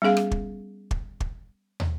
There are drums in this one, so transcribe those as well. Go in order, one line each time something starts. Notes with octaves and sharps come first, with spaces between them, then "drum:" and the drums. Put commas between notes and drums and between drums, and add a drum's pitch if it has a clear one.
G3 B3 C#4 G#4 F5
drum: rim click
drum: kick
drum: kick
drum: kick
drum: tom